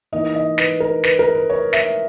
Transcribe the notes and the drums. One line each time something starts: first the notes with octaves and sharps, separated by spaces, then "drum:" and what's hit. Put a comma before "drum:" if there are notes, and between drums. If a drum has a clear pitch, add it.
E3 A#3 D#4 D#5
D#5
B4, drum: snare
A#4
B4, drum: snare
A#4
B4
C#5
E5, drum: snare